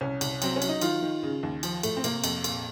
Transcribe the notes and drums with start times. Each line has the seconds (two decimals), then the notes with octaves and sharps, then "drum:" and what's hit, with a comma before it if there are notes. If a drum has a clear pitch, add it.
0.01 C2 C#4
0.21 C2, drum: cymbal
0.42 F#3 C4, drum: cymbal
0.56 C#4
0.62 F#3, drum: cymbal
0.69 D#4
0.81 D#3 F4, drum: cymbal
1.02 D#3
1.23 C#3
1.43 D#2
1.63 F3, drum: cymbal
1.83 A2 A3, drum: cymbal
1.96 C4
2.04 C3 A#3, drum: cymbal
2.24 F2, drum: cymbal
2.44 A#2, drum: cymbal